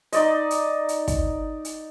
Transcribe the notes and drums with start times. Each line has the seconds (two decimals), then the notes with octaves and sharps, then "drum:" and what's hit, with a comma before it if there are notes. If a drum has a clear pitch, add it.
0.12 D#4 D5 D#5, drum: hi-hat
0.51 drum: hi-hat
0.89 drum: hi-hat
1.08 drum: kick, hi-hat
1.65 drum: hi-hat